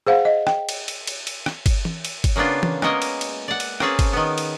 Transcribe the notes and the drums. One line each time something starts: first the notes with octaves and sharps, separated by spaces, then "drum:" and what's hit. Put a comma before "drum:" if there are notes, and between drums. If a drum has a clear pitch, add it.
G#4 C5 F5 F#5
D#5
G5, drum: rim click
drum: cymbal
drum: cymbal
drum: cymbal
drum: cymbal
drum: rim click
drum: kick, cymbal
drum: tom E3
drum: cymbal
drum: kick, cymbal
C#3 A#3 B3 D4 F4
drum: tom E3
G#3 A#3 B3 C#4 A#4 D#5, drum: rim click
drum: cymbal
drum: cymbal
D5 F#5
drum: cymbal
A#3 C4 C#4 G#4 B4 A5, drum: rim click
drum: kick, cymbal
D#3 B3
drum: cymbal